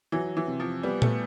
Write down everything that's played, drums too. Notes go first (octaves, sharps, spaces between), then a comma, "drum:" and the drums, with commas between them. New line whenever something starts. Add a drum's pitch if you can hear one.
E3 F#3
E3
C3
F3
G3 B3
A3, drum: tom A#2